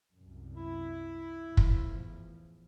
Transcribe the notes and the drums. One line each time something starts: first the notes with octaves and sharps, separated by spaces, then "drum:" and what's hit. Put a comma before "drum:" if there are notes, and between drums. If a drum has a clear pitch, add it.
C2 F#2
E4
E2 A2 F3
drum: kick